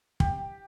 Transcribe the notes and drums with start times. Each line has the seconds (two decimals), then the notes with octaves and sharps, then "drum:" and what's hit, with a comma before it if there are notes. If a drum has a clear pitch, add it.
0.20 G4, drum: kick